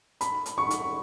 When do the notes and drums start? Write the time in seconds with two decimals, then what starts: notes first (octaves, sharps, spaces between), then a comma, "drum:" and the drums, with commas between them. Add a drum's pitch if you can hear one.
0.21 B5, drum: hi-hat
0.46 drum: hi-hat
0.58 C#6
0.70 drum: hi-hat